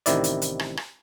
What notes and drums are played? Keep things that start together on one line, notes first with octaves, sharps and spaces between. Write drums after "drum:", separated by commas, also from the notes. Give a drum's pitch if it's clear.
A1 C3 D#3 E4 D5, drum: hi-hat
drum: hi-hat
drum: hi-hat
drum: rim click
drum: rim click